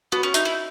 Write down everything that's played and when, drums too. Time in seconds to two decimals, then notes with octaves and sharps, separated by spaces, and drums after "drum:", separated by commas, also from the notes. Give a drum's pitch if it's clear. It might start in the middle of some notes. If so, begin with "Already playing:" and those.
0.12 B3 F#4
0.23 C#4
0.34 D#4 E5, drum: hi-hat
0.45 E4